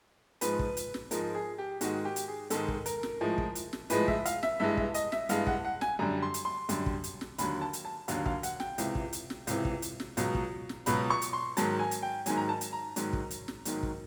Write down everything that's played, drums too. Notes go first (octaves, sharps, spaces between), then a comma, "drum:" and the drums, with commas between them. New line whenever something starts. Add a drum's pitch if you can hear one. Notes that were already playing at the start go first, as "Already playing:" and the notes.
G#2 F3 G#3 B4, drum: hi-hat
drum: kick
drum: hi-hat
drum: snare
G#2 F3 G#3 A#4, drum: hi-hat
G#4
G4
G#2 D#3 G#3 F#4, drum: hi-hat
G4
drum: hi-hat
G#4
G#2 D#3 G#3 A4, drum: hi-hat
drum: kick
A#4, drum: hi-hat
drum: snare
A2 F3 G#3
drum: kick
drum: hi-hat
drum: snare
A2 F3 G#3 B4, drum: hi-hat
E5, drum: kick
F5, drum: hi-hat
E5, drum: snare
G2 E3 G#3 E5
E5, drum: kick
D#5, drum: hi-hat
E5, drum: snare
G2 E3 G#3 F5, drum: hi-hat
F#5, drum: kick
F#5
G#5, drum: snare
F#2 D3 G3 A#5
C6
drum: hi-hat
C6
F#2 D3 G3, drum: hi-hat
drum: kick
drum: hi-hat
drum: snare
D#2 D3 F#3 B5, drum: hi-hat
A5
drum: hi-hat
A5
D#2 D3 F#3 F5, drum: hi-hat
F5, drum: kick
F#5, drum: hi-hat
G5, drum: snare
C#2 C3 E3, drum: hi-hat
drum: kick
drum: hi-hat
drum: snare
C#2 C3 E3, drum: hi-hat
drum: kick
drum: hi-hat
drum: snare
C#2 B2 F#3, drum: hi-hat
drum: kick
drum: snare
C#2 B2 F#3 B5, drum: hi-hat
C#6
drum: hi-hat
C6
G#2 D#3 F#3 A5, drum: hi-hat
G#5
drum: hi-hat
G5
G#2 D#3 F#3 G#5, drum: hi-hat
A#5
A5
drum: hi-hat
A#5
G#2 D#3 F#3, drum: hi-hat
drum: kick
drum: hi-hat
drum: snare
G#2 D#3 F#3, drum: hi-hat
drum: kick